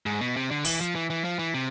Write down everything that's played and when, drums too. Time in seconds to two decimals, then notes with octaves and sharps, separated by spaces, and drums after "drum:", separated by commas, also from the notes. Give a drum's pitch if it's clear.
0.06 G#2
0.21 B2
0.36 C3
0.51 D3
0.65 E3, drum: open hi-hat
0.81 F3
0.95 E3
1.10 E3
1.24 F3
1.39 E3
1.54 C3